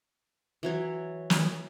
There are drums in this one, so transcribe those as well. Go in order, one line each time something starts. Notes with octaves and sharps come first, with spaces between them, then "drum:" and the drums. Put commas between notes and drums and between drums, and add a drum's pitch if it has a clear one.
E3 F#3 C#5
drum: snare